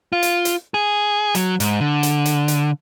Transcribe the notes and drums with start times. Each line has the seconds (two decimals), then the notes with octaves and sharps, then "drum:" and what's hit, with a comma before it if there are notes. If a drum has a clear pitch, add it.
0.13 F4
0.23 drum: hi-hat
0.45 drum: hi-hat
0.74 G#4
1.35 F#3, drum: hi-hat
1.60 G#2, drum: hi-hat
1.80 D3
2.03 drum: hi-hat
2.25 drum: hi-hat
2.48 drum: hi-hat